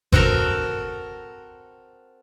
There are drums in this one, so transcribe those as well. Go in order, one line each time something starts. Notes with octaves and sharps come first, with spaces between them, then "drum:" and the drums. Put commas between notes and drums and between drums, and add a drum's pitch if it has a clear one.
C4 F#4 A4 A#4, drum: kick G#1